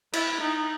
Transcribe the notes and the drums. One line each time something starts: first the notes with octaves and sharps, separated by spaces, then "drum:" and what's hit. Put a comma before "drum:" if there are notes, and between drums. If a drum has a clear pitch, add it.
E4, drum: cymbal
D#4